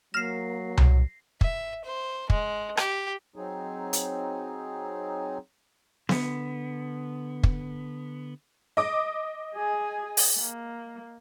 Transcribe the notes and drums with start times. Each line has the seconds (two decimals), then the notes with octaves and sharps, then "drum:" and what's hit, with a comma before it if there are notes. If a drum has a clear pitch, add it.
0.14 F#3 A#3 F6 A#6 C7 E7
0.78 drum: tom C2
1.41 E5, drum: kick
1.84 C5
2.30 G#3, drum: kick
2.77 G4, drum: rim click
3.36 F#3 C4 D#4 G#4
3.93 drum: hi-hat
6.09 D3 B3, drum: snare B3
7.43 drum: kick
8.77 D#5 D6 D#6
9.55 G#4 G#5
10.17 drum: open hi-hat
10.38 A#3